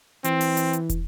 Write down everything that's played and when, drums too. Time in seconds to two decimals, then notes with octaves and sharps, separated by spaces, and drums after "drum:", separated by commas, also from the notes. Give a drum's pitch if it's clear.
0.24 E3 C4, drum: hi-hat
0.41 drum: open hi-hat
0.57 drum: hi-hat
0.73 drum: hi-hat
0.89 drum: kick, hi-hat